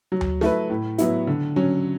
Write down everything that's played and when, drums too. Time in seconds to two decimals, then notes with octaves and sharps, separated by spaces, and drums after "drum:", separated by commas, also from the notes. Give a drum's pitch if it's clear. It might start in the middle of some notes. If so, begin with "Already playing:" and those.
0.12 F#3
0.21 drum: tom D2
0.41 A3 E4 B4, drum: snare
0.70 A2
0.98 F#3 B3 E4, drum: hi-hat
1.27 D3
1.56 F#3 C#4